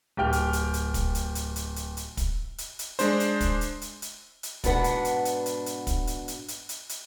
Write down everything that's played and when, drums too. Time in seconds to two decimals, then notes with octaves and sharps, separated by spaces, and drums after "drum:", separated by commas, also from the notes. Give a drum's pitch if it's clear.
0.17 D1 G4 G5 F6
0.33 drum: hi-hat
0.53 drum: hi-hat
0.74 drum: hi-hat
0.94 drum: kick, hi-hat
1.15 drum: hi-hat
1.35 drum: hi-hat
1.56 drum: hi-hat
1.76 drum: hi-hat
1.97 drum: hi-hat
2.17 drum: kick, hi-hat
2.58 drum: hi-hat
2.79 drum: hi-hat
2.99 G#3 D4 C5, drum: hi-hat
3.20 drum: hi-hat
3.40 drum: kick, hi-hat
3.61 drum: hi-hat
3.82 drum: hi-hat
4.02 drum: hi-hat
4.43 drum: hi-hat
4.64 G#2 B2 D4 B4 F#5, drum: kick, hi-hat
4.84 drum: hi-hat
5.05 drum: hi-hat
5.25 drum: hi-hat
5.46 drum: hi-hat
5.66 drum: hi-hat
5.87 drum: kick, hi-hat
6.07 drum: hi-hat
6.28 drum: hi-hat
6.48 drum: hi-hat
6.69 drum: hi-hat
6.89 drum: hi-hat